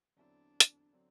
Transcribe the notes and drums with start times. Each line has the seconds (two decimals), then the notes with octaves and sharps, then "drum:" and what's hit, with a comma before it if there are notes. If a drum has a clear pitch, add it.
0.16 E2 D3 F#3 C4 D4 E4
0.60 drum: hi-hat
0.93 D3 F#3 C4